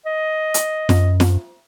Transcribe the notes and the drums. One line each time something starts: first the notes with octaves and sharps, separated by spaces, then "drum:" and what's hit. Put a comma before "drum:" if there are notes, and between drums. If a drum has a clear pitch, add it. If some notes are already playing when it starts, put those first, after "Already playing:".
D#5
drum: hi-hat
F#2, drum: snare
drum: snare